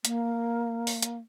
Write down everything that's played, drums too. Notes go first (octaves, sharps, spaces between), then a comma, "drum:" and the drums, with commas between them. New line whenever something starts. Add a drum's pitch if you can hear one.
A#3, drum: hi-hat
drum: open hi-hat
drum: hi-hat